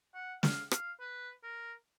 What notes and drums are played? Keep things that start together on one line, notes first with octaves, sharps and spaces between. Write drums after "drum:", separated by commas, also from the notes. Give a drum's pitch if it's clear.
F#5
F5, drum: snare
F5, drum: rim click
B4
A#4